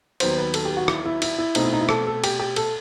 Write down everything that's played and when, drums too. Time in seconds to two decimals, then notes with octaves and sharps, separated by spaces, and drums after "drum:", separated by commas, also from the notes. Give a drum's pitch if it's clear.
0.20 D#2 D#3 F#3 B3 C5, drum: cymbal
0.38 B4
0.54 A4, drum: cymbal
0.65 G4
0.77 F#4
0.88 E4, drum: rim click
1.06 E4
1.22 E4, drum: cymbal
1.38 E4
1.55 B2 A3 C4 D#4, drum: cymbal
1.64 E4
1.73 D#4
1.81 E4
1.89 A4, drum: rim click
2.07 A4
2.24 G4, drum: cymbal
2.40 G4
2.56 A4, drum: cymbal